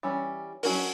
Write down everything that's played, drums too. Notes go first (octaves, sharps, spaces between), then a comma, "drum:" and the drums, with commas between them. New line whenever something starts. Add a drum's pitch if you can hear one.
E3 G3 C#4
F#3 C#4 F#4 A#4, drum: open hi-hat